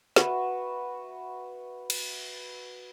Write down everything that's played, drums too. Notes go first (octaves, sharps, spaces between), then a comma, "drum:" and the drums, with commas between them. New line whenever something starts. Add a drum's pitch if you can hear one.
F#4 B4 E5, drum: snare
drum: cymbal